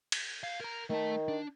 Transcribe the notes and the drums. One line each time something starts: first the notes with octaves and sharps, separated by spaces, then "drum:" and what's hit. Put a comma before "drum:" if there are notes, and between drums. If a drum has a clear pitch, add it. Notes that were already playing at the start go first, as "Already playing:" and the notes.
drum: cymbal
F5
A#4 A#5
D#3 A3 A5
D4